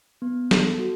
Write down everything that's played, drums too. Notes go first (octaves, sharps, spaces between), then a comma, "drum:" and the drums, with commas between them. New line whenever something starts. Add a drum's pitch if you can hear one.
B3
A4, drum: snare
F#4